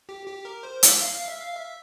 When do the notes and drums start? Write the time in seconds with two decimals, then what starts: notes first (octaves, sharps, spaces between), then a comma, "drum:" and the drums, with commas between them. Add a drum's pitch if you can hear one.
0.09 G4
0.27 G4
0.45 A#4
0.63 C5
0.83 E5, drum: hi-hat
1.01 F5
1.14 F5
1.28 E5
1.42 F5
1.55 E5